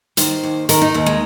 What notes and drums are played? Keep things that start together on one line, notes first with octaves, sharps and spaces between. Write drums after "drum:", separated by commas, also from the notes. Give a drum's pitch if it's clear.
D#3 C5, drum: hi-hat
D#2
D#3 A#4, drum: hi-hat
D#4
D#2 C4
G#3